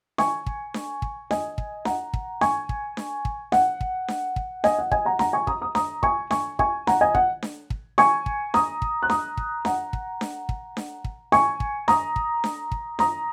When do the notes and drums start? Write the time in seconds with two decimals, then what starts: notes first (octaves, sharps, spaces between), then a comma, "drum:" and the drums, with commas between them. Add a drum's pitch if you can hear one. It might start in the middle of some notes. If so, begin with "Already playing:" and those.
0.18 G#5 C#6, drum: snare D4
0.46 drum: kick
0.74 drum: snare D4
1.02 drum: kick
1.31 D#5 G#5, drum: snare D4
1.58 drum: kick
1.85 F#5 A#5, drum: snare D4
2.14 drum: kick
2.41 G#5 C#6, drum: snare D4
2.69 drum: kick
2.97 drum: snare D4
3.25 drum: kick
3.52 F#5, drum: snare D4
3.81 drum: kick
4.08 drum: snare D4
4.36 drum: kick
4.64 D#5 G#5, drum: snare D4
4.79 F#5
4.91 D#5 G#5, drum: kick
5.05 F#5 A#5
5.19 F#5 A#5, drum: snare D4
5.33 G#5 C#6
5.47 A#5 D#6, drum: kick
5.61 A#5 D#6
5.75 A#5 D#6, drum: snare D4
6.03 G#5 C#6, drum: kick
6.31 G#5 C#6, drum: snare D4
6.59 G#5 C#6, drum: kick
6.87 F#5 A#5, drum: snare D4
7.01 D#5 G#5
7.15 F#5, drum: kick
7.43 drum: snare D4
7.70 drum: kick
7.98 G#5 C#6, drum: snare D4
8.26 drum: kick
8.54 A#5 D#6, drum: snare D4
8.82 drum: kick
9.03 F#6
9.10 A#5 D#6, drum: snare D4
9.37 drum: kick
9.65 F#5 A#5, drum: snare D4
9.93 drum: kick
10.21 drum: snare D4
10.49 drum: kick
10.77 drum: snare D4
11.04 drum: kick
11.32 G#5 C#6, drum: snare D4
11.60 drum: kick
11.88 A#5 D#6, drum: snare D4
12.16 drum: kick
12.44 drum: snare D4
12.72 drum: kick
12.99 A#5 D#6, drum: snare D4